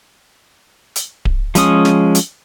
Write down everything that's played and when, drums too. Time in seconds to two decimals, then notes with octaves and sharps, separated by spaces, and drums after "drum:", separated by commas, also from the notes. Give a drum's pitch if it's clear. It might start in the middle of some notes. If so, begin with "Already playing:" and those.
0.96 drum: hi-hat
1.25 drum: kick D1
1.55 F3 G#3 C#4 D#6, drum: hi-hat
1.85 drum: snare
2.15 drum: hi-hat